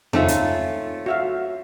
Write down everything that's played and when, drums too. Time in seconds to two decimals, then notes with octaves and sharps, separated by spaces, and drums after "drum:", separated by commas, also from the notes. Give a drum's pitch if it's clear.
0.13 A3 C4 C#4 D#4 F4 E5, drum: tom E2
0.28 drum: hi-hat
1.06 F#4 E5 F5